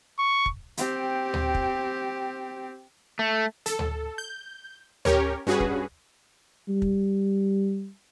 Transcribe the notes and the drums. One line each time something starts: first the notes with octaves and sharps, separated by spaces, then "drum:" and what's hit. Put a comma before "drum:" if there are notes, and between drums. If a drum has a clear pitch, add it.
C#6
drum: kick
C4 G4, drum: hi-hat
drum: tom D2
drum: kick
A3
A4, drum: hi-hat
drum: tom D2
G6
C#4 G4 A#4 C#5, drum: tom D2
G2 C#4 F#4 G#4 B4
drum: kick
G3
drum: kick